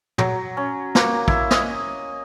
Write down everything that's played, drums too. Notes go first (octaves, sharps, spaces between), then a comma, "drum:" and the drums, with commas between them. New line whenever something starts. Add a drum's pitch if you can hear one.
F#3, drum: tom
C#4
A#3, drum: snare
E4, drum: kick
D#5, drum: snare